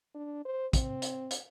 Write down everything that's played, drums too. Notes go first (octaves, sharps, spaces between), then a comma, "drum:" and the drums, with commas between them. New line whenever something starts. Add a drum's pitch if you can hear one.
D4
C5
C4, drum: kick, hi-hat
drum: hi-hat
drum: hi-hat